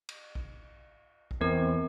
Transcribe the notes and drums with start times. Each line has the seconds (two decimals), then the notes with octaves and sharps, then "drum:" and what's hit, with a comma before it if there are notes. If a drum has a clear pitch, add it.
0.09 drum: cymbal
0.35 drum: kick A#1
1.31 drum: kick A#1
1.41 E2 B3 C4 A#4